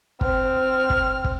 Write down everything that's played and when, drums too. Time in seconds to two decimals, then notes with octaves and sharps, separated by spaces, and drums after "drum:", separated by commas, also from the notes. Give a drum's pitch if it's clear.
0.21 C4 F6, drum: kick
0.90 drum: kick
1.24 drum: kick